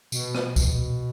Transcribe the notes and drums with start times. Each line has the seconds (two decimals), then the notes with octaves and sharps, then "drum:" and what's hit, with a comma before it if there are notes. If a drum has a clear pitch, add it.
0.12 B2, drum: tambourine
0.35 drum: rim click
0.56 drum: kick, tambourine